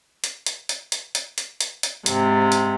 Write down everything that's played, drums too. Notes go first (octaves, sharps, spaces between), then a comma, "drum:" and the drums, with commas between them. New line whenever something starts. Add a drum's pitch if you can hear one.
drum: hi-hat
drum: hi-hat
drum: hi-hat
drum: hi-hat
drum: hi-hat
drum: hi-hat
drum: hi-hat
drum: hi-hat
G#2 C3, drum: hi-hat
drum: hi-hat